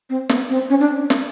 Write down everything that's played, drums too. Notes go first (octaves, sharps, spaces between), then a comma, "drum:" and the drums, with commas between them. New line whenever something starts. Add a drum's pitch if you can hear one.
C4
B3, drum: snare
C4
C#4
D4
drum: snare